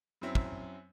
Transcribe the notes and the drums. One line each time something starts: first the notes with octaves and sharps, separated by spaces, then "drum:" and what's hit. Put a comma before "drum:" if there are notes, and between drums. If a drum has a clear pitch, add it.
F#2 F#3 C4 E4
drum: kick